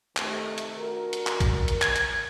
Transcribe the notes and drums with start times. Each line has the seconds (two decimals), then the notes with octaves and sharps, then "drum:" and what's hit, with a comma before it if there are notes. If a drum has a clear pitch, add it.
0.16 C3 D#3 A3, drum: clap
0.58 drum: hi-hat
0.77 D4 F#4 A#4
1.13 drum: hi-hat
1.27 drum: clap
1.40 drum: kick, hi-hat
1.68 drum: hi-hat
1.81 G#6, drum: clap
1.96 drum: hi-hat